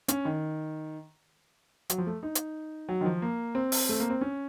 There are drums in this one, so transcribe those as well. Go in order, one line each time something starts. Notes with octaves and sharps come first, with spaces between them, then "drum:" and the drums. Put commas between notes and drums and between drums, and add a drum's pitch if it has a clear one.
C#4, drum: hi-hat
D#3
F#3, drum: hi-hat
F3
A3
D#4
drum: hi-hat
F#3
D#3
F3
A#3
C4
drum: open hi-hat
A3
A#3
C4
C#4